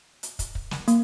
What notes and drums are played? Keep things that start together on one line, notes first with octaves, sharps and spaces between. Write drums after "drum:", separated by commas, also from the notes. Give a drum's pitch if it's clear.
drum: hi-hat
drum: kick, hi-hat
drum: kick
drum: snare
A#3, drum: hi-hat